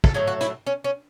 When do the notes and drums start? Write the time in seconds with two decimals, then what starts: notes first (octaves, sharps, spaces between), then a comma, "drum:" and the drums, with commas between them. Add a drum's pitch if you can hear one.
0.04 A4, drum: kick
0.14 A2 F#3 A3 G#4
0.27 F#4
0.41 E4, drum: hi-hat
0.67 C#4
0.84 C#4